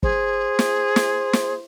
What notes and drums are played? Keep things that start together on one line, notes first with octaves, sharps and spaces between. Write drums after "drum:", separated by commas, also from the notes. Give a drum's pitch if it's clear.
G#4 C5, drum: kick
drum: snare
drum: snare
drum: snare